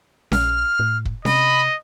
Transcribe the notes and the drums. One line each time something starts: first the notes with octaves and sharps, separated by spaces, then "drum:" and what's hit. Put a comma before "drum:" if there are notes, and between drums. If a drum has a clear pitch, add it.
A#1 F6, drum: snare C#4
A2
drum: kick
C3 D#5 B5, drum: snare C#4